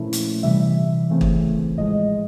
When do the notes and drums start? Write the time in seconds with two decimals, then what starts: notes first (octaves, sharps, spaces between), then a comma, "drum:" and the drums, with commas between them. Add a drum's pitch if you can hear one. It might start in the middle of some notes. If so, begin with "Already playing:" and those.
Already playing: A#2 F3 A3 C#4 E4
0.13 drum: hi-hat
0.43 C3 E3 G3 E5
1.10 C#3 E3 A3 C4
1.21 drum: kick
1.77 A2 F3 G#3 D#5